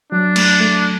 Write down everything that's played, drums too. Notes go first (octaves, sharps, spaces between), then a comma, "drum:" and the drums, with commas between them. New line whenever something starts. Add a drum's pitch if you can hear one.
F#3 D4
A3, drum: cymbal
A3